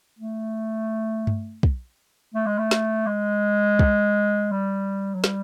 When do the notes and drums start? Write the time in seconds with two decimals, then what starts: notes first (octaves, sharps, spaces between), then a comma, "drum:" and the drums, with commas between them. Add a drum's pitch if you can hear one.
0.19 A3
1.27 drum: tom G2
1.63 drum: kick
2.35 A3
2.46 G#3
2.59 A3
2.71 drum: snare
3.07 G#3
3.79 drum: kick
4.51 G3
5.15 F#3
5.24 G3, drum: snare